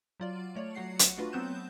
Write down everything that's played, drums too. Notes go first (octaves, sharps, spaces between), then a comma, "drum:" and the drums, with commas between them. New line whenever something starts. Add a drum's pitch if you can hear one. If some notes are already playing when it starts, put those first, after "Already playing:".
F#3 F4 D5
A3 C#5 D5
F#3 F#4 F#5 C7 C#7
drum: hi-hat
A3 D4 F4 F#4 B4
F#3 B3 C4 F#6 G6 E7